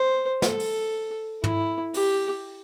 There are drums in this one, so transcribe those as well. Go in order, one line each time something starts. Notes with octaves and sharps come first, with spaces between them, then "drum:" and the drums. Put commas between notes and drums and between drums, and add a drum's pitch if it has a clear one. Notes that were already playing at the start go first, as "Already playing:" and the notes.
Already playing: C5
A4, drum: snare
drum: open hi-hat
E4, drum: tom
G4, drum: open hi-hat